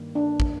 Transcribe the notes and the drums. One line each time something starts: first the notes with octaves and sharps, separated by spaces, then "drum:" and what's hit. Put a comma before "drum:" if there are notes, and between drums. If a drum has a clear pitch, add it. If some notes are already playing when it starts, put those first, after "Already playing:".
Already playing: G2 D#3 A#3
D4
drum: kick